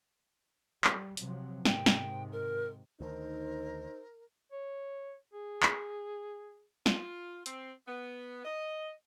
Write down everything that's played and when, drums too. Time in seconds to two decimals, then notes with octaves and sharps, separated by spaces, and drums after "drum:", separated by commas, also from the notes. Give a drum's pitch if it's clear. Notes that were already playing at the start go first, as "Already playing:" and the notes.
0.84 G3, drum: clap
1.17 C3 F3 F#3, drum: hi-hat
1.65 G#2 C3 D#3 G5, drum: snare
1.86 drum: snare
2.32 A#4
3.01 D2 D#3 D#4 A#4 C5
4.52 C#5
5.33 G#4
5.63 drum: clap
6.86 F4, drum: snare
7.46 C4, drum: hi-hat
7.87 B3
8.45 D#5